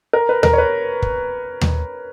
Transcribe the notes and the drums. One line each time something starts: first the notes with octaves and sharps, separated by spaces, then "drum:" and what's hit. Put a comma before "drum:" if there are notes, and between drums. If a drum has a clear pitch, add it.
A#4
B4
A#4, drum: tom D#2
C#5
B4
drum: kick
drum: tom D#2